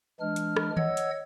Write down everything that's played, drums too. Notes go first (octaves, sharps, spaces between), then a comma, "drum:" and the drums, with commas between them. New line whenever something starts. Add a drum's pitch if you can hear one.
E3 G#3 D4 F6
drum: hi-hat
drum: rim click
C#5 D#5 F#5 E6 G#6, drum: tom D#3
drum: hi-hat